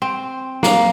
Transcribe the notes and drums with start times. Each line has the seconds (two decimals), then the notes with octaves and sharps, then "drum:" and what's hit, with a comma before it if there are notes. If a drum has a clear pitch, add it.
0.02 C4
0.63 A#3, drum: snare